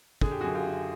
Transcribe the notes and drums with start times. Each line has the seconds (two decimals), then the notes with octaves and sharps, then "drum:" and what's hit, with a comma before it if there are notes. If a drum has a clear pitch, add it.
0.21 D3 G#4, drum: kick
0.31 G4
0.41 F#4 G#4
0.44 F#2
0.55 F4 G4
0.66 F#2